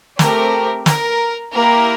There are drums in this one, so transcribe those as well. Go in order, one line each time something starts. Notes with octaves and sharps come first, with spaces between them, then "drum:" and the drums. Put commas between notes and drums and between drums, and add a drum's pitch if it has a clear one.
A3 C4 G4 A#4, drum: snare
A#4, drum: snare
A#3 E4 G4 A#4